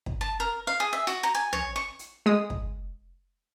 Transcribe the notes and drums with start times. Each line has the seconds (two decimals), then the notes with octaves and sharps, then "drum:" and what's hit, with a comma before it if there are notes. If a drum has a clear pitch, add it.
0.06 drum: kick
0.21 A5
0.40 A#4
0.67 F5
0.80 G#4
0.93 E5
1.07 F#4, drum: hi-hat
1.23 A#5
1.35 G#5
1.53 C#5, drum: tom
1.76 C#6
1.99 drum: hi-hat
2.26 G#3 D#6
2.50 drum: kick